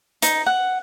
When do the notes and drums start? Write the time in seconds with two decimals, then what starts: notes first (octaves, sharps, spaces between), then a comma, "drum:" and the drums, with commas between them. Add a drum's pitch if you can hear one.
0.22 D#4, drum: hi-hat
0.46 F#5